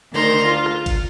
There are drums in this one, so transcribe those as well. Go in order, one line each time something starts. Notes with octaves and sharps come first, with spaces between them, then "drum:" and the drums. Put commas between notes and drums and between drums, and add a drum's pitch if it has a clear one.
D2 D3 D#3 A#5 C6
F4
drum: rim click
drum: kick G#1, cymbal